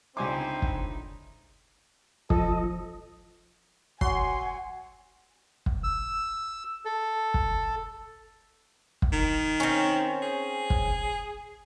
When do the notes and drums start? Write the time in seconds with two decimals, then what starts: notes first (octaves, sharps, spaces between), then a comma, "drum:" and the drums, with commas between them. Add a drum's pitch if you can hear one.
0.17 C#2 D3 C4 D#4 E4 C5 G#5 D6
0.62 drum: kick
2.30 F3 A4 D#5, drum: kick
4.01 F#3 F#5 G#5 C6, drum: kick
5.66 drum: kick
5.84 E6
6.85 A4
7.34 drum: kick
9.02 drum: kick
9.12 D#3
9.60 C4 C#4
10.22 G#4
10.70 drum: kick